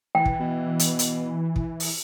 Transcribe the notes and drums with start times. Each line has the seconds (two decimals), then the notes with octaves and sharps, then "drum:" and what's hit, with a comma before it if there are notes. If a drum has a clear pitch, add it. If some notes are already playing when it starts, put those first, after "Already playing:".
0.15 E3 G5
0.26 drum: kick
0.40 B2
0.79 drum: hi-hat
0.99 drum: hi-hat
1.56 drum: kick
1.80 drum: open hi-hat